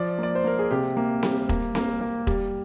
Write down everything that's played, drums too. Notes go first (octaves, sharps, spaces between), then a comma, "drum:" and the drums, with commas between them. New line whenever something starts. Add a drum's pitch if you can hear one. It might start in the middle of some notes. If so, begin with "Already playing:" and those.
Already playing: F3 D5
A#3 D5
C5
A#3 A#4
G#4
C3 G4
A#3
G3, drum: snare C4
A#3, drum: kick E1
A#3, drum: snare C4
A#3
G3, drum: kick E1